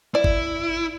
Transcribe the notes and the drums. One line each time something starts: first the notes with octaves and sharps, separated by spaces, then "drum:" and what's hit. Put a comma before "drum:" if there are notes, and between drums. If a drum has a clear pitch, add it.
E4 D5
drum: kick